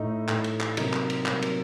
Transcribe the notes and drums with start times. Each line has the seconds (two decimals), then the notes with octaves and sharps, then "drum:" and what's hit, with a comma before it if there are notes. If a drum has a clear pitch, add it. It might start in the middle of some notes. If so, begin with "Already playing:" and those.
Already playing: A2 A3 D#4
0.28 A2 A3, drum: clap
0.44 drum: cymbal
0.61 drum: clap
0.77 C3 F#3 A#3 D#4, drum: cymbal
0.93 drum: clap
1.10 drum: cymbal
1.26 C3 F#3 A#3, drum: clap
1.42 drum: cymbal